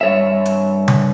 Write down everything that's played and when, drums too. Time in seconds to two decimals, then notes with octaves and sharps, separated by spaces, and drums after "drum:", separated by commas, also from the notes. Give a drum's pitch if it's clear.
0.01 G2 C#5 E5
0.45 drum: hi-hat
0.88 drum: tom C#3